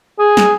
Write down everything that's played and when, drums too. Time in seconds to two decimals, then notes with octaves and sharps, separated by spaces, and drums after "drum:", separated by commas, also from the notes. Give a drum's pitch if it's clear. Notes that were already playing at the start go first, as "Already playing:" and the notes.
0.19 G#4
0.37 drum: snare